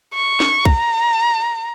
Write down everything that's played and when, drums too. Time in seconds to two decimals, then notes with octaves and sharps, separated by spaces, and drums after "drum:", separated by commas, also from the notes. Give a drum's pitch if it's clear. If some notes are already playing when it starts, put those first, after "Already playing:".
0.15 C#6
0.40 drum: snare
0.65 A#5, drum: kick